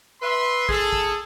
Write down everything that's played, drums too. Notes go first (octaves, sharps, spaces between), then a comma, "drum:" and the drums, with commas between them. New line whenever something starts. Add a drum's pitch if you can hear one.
B4 E5 C6
G#4 A4, drum: kick
drum: kick